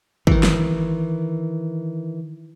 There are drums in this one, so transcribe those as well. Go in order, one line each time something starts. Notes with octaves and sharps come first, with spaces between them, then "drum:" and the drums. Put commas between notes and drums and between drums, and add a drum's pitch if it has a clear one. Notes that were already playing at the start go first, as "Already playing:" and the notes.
D#3 E3, drum: kick
drum: snare